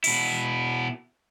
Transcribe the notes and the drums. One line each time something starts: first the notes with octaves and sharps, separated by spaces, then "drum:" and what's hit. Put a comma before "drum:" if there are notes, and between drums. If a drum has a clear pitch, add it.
B2 E4, drum: open hi-hat